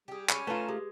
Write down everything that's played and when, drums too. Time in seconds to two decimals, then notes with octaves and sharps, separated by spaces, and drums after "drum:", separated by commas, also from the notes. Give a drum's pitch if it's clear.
0.08 G3 G4 G#4
0.30 G3 G#3 C#4 B5 C#7, drum: clap
0.47 A3 F4 B4 A5 A#5
0.69 G#3 G4